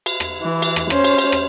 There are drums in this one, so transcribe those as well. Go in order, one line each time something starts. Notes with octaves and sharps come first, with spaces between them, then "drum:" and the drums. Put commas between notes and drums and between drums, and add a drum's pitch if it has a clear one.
drum: cymbal
drum: rim click
E3
drum: cymbal
drum: rim click
C#4 C5, drum: rim click
drum: cymbal
drum: cymbal
drum: rim click